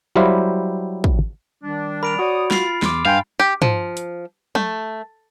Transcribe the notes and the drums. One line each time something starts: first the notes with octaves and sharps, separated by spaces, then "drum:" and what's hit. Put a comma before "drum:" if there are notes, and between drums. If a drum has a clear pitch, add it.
F#3 G3 E4 G4 C5 F5
drum: kick
D#3 G3 D4
A#4 B5 F6 D7 F7
F#4 C#5 D5 D#6
F4 B5 A6 C7, drum: snare
E2 C6 D6 F6, drum: snare
G2 F5 G5 G#5 C6
G4
F3, drum: tom
drum: hi-hat
A3, drum: tom